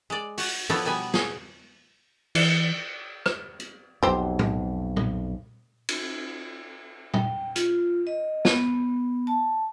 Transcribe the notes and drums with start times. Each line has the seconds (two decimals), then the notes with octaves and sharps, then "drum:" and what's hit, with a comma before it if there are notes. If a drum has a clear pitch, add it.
0.10 G#3 D5
0.38 F#4, drum: open hi-hat
0.70 F3 B3 D4 E4 A4 C#5
0.85 B2 G3 B3 G#5
1.14 G#4, drum: snare
2.35 E3, drum: cymbal
3.26 drum: rim click
3.60 drum: hi-hat
4.03 B1 F2 G4 C5
4.39 drum: tom A2
4.97 drum: tom A#2
5.89 drum: cymbal
7.14 G5, drum: tom A#2
7.56 F4, drum: hi-hat
8.07 D#5
8.45 B3, drum: snare
9.27 A5